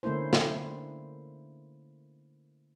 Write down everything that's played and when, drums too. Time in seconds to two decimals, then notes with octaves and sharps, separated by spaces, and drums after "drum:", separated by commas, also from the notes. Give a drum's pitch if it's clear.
0.03 D3 A3 A#3 C#4 E4 C5
0.33 drum: snare